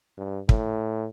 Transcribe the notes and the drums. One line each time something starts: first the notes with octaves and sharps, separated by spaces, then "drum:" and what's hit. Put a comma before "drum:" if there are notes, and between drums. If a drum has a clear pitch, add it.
G2
A2, drum: kick